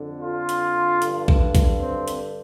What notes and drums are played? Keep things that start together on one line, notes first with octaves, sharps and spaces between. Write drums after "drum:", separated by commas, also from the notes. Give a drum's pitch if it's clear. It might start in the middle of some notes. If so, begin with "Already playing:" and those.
Already playing: F2 D3
F4
drum: hi-hat
G2 D3, drum: hi-hat
drum: kick A#1
drum: kick A#1, hi-hat
C4
drum: hi-hat